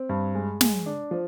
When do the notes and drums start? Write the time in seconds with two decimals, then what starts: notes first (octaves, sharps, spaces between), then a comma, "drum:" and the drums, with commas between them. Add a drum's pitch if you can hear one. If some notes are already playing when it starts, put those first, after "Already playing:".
Already playing: C4
0.09 G2
0.35 G#3
0.61 G#3, drum: snare
0.86 D4
1.11 F3